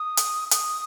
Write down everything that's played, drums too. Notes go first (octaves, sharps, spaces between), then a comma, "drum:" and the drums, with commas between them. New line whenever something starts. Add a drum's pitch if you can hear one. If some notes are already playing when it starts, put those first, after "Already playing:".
Already playing: D#6
drum: hi-hat
D#6, drum: hi-hat